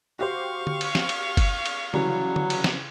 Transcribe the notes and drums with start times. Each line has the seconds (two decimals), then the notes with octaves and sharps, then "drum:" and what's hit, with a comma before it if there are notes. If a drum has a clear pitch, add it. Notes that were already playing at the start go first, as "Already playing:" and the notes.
0.19 F#4 G4 C5 F5 C#6
0.67 drum: tom D3
0.81 drum: cymbal
0.95 drum: snare
1.09 drum: cymbal
1.37 drum: kick G1, cymbal
1.66 drum: cymbal
1.94 C#3 E3 F#3 G3, drum: tom D3
2.36 drum: tom D3
2.50 drum: cymbal
2.64 drum: snare